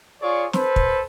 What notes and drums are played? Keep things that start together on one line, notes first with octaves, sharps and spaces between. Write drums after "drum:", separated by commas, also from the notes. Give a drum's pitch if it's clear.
F4 G#4 C#5 D5 C#6
A4 B4 C5, drum: snare
drum: kick